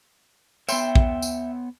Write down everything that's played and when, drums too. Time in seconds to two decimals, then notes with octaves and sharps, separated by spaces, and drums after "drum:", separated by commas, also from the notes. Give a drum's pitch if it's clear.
0.69 B3 C#5 E5 G5 C6, drum: tambourine
0.95 drum: kick A#1
1.22 drum: tambourine